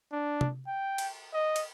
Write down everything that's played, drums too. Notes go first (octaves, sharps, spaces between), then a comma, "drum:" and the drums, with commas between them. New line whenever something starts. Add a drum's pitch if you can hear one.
D4
drum: tom C3
G5
drum: cymbal
D#5
drum: cymbal